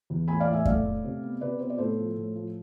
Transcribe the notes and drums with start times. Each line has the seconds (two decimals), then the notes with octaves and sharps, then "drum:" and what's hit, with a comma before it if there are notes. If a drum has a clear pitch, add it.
0.10 E2
0.28 A2 G#5 B5
0.40 D5 F5
0.47 A2
0.54 E5 G#5
0.65 A3 D5 F5, drum: kick F2
0.85 A3
1.04 C3
1.23 B3
1.41 C3 B4 D5
1.60 B3 C5
1.70 D5
1.78 A2 A4 C5
1.99 F3
2.17 A2
2.35 F3